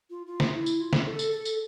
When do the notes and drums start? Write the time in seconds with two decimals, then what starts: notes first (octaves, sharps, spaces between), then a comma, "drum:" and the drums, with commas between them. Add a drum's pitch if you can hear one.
0.10 F4
0.26 F4
0.40 drum: snare
0.54 E4
0.66 drum: tambourine
0.80 F4
0.93 drum: snare
1.06 A4
1.19 drum: tambourine
1.32 A4
1.45 drum: tambourine